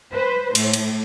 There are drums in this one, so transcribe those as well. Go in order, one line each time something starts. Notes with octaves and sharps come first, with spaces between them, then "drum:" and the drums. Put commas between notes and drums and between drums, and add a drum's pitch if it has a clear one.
B4 C5
A2, drum: cymbal
drum: cymbal